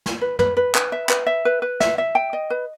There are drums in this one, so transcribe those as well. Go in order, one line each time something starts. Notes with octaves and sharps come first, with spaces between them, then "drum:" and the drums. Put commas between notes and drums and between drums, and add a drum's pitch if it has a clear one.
drum: snare
B4
B4, drum: tom
B4
B4, drum: clap
E5
B4, drum: clap
E5
B4
B4
E5, drum: snare
E5
G5
D#5
B4